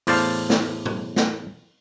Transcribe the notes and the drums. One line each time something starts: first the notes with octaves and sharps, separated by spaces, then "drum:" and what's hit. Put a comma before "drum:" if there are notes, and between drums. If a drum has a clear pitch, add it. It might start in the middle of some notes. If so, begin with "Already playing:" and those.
E2 A2 C5 D5 F5 A5, drum: open hi-hat
drum: snare
drum: tom
drum: snare